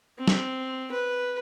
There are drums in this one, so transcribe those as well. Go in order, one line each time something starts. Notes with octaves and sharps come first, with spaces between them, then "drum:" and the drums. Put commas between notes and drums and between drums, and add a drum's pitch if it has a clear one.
C4
drum: snare
B4